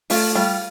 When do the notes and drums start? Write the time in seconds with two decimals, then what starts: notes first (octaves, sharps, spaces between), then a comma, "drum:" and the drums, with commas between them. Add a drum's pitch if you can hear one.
0.10 A3 F4, drum: open hi-hat
0.35 G3 F4